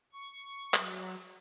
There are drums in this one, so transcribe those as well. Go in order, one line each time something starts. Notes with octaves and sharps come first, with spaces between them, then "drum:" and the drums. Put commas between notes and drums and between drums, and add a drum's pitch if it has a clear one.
C#6
F#3, drum: clap